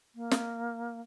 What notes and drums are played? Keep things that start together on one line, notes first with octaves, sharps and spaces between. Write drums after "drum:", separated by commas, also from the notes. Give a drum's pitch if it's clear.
A#3
drum: snare